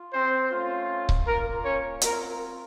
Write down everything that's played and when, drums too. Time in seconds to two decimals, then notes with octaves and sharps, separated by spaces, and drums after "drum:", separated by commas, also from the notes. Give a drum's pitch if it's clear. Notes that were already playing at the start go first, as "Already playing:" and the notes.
Already playing: F4
0.13 C4 C5
0.51 A3 C#4 F4
1.09 drum: kick C#1
1.27 A#3 F4 A#4
1.64 C#4 C#5
2.02 C4 F4 A#4, drum: hi-hat